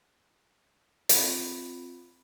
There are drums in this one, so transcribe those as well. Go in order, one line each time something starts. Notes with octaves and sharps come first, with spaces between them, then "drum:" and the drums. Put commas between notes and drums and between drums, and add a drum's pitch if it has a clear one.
C4 F4 B5, drum: hi-hat